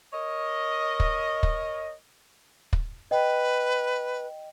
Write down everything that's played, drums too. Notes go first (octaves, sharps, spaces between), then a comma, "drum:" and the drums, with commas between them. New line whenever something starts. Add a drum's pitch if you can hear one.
A#4 C#5 D#5
drum: kick
drum: kick
drum: kick
B4 D#5 G5